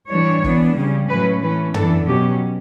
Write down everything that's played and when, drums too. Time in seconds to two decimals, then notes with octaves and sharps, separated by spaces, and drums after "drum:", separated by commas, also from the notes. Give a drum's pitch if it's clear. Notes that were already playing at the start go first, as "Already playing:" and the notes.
0.11 E3 G3 D4 C#5
0.44 E3 B3 D4, drum: kick F#1
0.77 C#3 G3 C#4
1.10 A2 F#3 A3 C#4 B4
1.42 E3 A3 C#4 B4
1.74 E3 B3 D4 A4, drum: tom
2.07 B2 F#3 C#4 G4